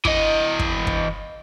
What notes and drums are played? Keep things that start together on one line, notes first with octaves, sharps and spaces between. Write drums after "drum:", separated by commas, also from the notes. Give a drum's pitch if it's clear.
E3 D#5, drum: kick
drum: kick
drum: kick